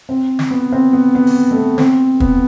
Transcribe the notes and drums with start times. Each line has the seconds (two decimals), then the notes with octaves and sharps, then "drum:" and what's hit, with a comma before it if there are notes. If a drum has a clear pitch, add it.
0.09 C4
0.39 drum: snare
0.50 B3
0.73 C4
0.93 B3
1.15 B3
1.27 drum: open hi-hat
1.51 A3
1.57 B3
1.78 C4, drum: snare
2.20 B3, drum: kick